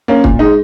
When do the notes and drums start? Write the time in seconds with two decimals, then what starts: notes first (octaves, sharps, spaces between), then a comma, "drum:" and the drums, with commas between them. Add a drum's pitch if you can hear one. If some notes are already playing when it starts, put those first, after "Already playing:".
0.08 A#3 C#4
0.24 A#2, drum: kick
0.39 G#3 D#4